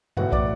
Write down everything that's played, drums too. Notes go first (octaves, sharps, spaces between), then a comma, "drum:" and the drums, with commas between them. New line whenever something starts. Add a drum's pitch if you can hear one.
B1 A2 E3 F#4 F#5, drum: tom F#2
D5 D6, drum: kick B1